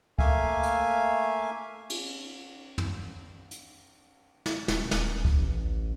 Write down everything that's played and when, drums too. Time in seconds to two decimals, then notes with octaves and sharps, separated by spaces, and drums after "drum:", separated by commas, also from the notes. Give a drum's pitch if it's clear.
0.19 A3 A#3 E5 F5 G#5, drum: kick
0.63 drum: hi-hat
1.90 drum: cymbal
2.78 drum: tom
3.51 drum: hi-hat
4.46 drum: snare
4.68 D#1, drum: snare
4.91 D#1, drum: snare
5.25 drum: kick
5.37 A1